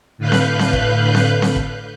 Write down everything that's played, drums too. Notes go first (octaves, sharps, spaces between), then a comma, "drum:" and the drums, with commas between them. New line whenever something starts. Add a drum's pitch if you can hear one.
A2 D3 B4 F5 F#6 G6
drum: snare C4
drum: snare C4
drum: kick
drum: snare C4
drum: snare C4
drum: kick